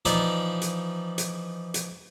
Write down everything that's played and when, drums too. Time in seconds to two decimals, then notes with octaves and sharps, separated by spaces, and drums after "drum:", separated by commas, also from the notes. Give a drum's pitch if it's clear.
0.05 E3 F3 D#4 F4 D5 E5, drum: hi-hat
0.62 drum: hi-hat
1.18 drum: hi-hat
1.74 drum: hi-hat